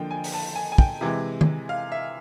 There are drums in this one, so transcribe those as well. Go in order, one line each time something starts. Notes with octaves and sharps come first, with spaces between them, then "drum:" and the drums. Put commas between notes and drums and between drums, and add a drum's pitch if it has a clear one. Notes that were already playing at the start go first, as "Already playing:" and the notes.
Already playing: D3 F3 A#3 G5
G#5
drum: open hi-hat
A5
G#5
G#5
G5, drum: kick
C3 E3 G#3
drum: tom D#3
F5
E5